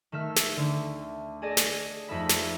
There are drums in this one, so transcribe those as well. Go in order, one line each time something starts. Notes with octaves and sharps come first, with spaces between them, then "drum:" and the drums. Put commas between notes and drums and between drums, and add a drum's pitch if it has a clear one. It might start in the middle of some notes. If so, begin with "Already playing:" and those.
D#3 A3 E5 F6
drum: snare
D2 D3
G#4 A4 D5 D#5
drum: snare
F2 A3 D#4 A4 E5 B5
drum: snare